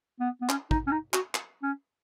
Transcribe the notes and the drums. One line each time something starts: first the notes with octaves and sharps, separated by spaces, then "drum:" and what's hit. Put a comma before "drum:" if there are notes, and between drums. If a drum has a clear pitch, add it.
B3
B3
C#4, drum: clap
D#4, drum: kick
C#4
D#4
F#4, drum: clap
drum: clap
C#4